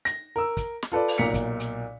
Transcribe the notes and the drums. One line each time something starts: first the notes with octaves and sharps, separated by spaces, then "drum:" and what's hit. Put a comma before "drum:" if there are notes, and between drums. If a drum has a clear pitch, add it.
A#6, drum: hi-hat
A#4 E6
drum: kick, hi-hat
drum: snare
F4 A4 B4 D5
drum: open hi-hat
B1 A#2 A#4 B6 C#7
drum: kick, hi-hat
drum: hi-hat